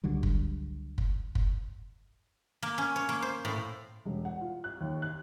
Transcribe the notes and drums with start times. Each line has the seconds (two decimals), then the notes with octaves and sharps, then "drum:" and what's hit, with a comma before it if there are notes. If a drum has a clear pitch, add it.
0.04 C#2 D3 F#3 G3
0.23 drum: kick
0.98 drum: kick
1.35 drum: kick
2.62 A#3
2.78 C#4
2.96 C#5
3.09 A#3
3.22 C5
3.45 A2
4.05 E1
4.25 F#5
4.41 F4
4.64 F#6
4.81 D#2
5.02 F#6